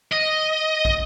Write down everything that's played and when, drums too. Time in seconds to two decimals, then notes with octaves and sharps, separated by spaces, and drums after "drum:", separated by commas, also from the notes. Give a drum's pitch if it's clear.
0.13 D#5
0.85 drum: kick